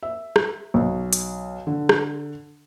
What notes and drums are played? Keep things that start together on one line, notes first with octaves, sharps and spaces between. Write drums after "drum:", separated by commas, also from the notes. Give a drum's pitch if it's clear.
E5
drum: rim click
B1
drum: hi-hat
D3
drum: rim click